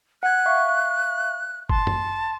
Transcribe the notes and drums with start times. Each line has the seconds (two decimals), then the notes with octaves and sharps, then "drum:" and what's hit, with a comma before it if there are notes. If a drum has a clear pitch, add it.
0.23 F#5 F#6 G#6
0.46 E5 F5 C#6
1.69 A5 C6, drum: kick
1.87 drum: tom F#2